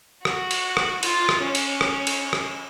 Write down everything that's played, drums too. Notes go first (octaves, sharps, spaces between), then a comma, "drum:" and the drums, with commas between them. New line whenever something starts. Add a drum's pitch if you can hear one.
F#4, drum: rim click
drum: cymbal
drum: rim click
F4, drum: cymbal
drum: rim click
C#4
drum: cymbal
drum: rim click
drum: cymbal
drum: rim click